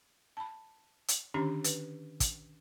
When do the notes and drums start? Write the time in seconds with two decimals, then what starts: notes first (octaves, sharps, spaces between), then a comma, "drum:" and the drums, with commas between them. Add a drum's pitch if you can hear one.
0.37 A5 B5
1.08 drum: hi-hat
1.34 D3 D#3 C#4 D4 G4 A#5
1.64 B4, drum: hi-hat
2.20 drum: kick, hi-hat